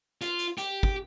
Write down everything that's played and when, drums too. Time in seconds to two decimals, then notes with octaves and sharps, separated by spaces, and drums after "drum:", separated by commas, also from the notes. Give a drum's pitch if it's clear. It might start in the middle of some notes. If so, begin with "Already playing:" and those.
0.22 F4, drum: hi-hat
0.39 drum: hi-hat
0.58 G4, drum: hi-hat
0.83 drum: kick